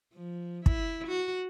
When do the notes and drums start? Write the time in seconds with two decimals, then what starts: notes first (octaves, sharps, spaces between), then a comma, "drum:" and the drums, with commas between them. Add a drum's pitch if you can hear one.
0.13 F3
0.66 E4, drum: kick
1.08 F#4